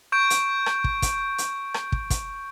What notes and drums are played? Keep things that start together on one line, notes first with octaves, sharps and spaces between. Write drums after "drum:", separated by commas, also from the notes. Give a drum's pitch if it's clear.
C#6 G6 D7
drum: hi-hat
drum: rim click
drum: kick
drum: kick, hi-hat
drum: hi-hat
drum: rim click
drum: kick
drum: kick, hi-hat